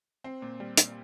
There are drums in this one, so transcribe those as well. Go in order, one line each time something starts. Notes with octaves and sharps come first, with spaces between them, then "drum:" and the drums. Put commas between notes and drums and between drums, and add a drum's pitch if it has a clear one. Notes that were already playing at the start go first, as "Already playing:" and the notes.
C4
A#2
G3
A#2, drum: hi-hat